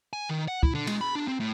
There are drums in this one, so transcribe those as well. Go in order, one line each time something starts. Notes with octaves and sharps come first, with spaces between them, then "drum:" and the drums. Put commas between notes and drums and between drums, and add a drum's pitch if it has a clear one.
G#5
D#3
F#5
E4, drum: kick
D3
G#3, drum: cymbal
B5
D4
C4
A2